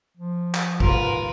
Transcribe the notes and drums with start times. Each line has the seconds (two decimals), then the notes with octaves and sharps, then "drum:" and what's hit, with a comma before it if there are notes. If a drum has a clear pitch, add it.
0.17 F3
0.54 drum: clap
0.80 G#2 F4 A#4 B4, drum: kick